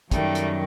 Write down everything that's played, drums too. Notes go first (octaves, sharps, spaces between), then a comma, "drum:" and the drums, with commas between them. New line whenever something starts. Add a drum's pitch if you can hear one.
F#2 D#3 F#3 G3 A3, drum: kick, hi-hat
drum: hi-hat